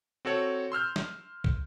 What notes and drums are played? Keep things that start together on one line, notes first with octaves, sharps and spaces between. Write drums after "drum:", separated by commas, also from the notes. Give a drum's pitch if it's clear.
C4 F#4 A4 C#5
C6 E6 F6 G6
drum: snare
drum: kick